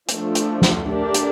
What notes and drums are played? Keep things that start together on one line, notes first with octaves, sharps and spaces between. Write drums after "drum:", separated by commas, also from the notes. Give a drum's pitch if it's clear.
F3 A3 D4, drum: hi-hat
drum: hi-hat
drum: snare
A3 D4 G4 A#4 D5
drum: hi-hat